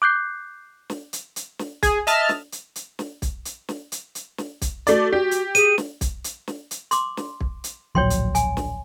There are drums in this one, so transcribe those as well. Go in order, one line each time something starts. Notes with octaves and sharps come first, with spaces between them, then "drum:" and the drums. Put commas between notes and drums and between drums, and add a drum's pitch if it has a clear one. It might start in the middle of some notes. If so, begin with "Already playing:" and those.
D6 F#6 G6 C7
drum: snare
drum: hi-hat
drum: hi-hat
drum: snare
G#4, drum: kick, hi-hat
D#5 E5 A5 F6, drum: hi-hat
drum: snare
drum: hi-hat
drum: hi-hat
drum: snare
drum: kick, hi-hat
drum: hi-hat
drum: snare
drum: hi-hat
drum: hi-hat
drum: snare
drum: kick, hi-hat
A3 F#4 D5, drum: hi-hat
G4
drum: hi-hat
G#4 D#7, drum: hi-hat
drum: snare
drum: kick, hi-hat
drum: hi-hat
drum: snare
drum: hi-hat
C6 D6, drum: hi-hat
drum: snare
drum: kick
drum: hi-hat
D1 A#1 F#3 C#5 G5 C6
drum: hi-hat
G#5, drum: hi-hat
drum: snare